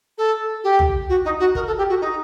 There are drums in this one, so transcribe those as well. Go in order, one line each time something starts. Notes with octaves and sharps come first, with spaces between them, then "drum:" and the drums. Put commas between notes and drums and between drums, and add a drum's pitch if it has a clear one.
A4
G4
drum: tom
F#4
D#4
F#4
A#4, drum: kick
A4
G4
F#4
D#4